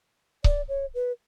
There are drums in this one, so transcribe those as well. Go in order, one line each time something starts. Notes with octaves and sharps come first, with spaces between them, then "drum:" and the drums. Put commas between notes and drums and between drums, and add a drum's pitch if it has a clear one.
D5, drum: kick C#1
C#5
B4